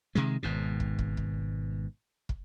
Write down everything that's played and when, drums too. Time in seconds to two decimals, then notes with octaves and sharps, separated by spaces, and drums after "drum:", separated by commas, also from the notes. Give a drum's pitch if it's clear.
0.15 C3 D#3 G#3
0.43 G#1 G#2 B2
0.80 drum: kick
0.99 drum: kick
1.17 drum: kick
2.29 drum: kick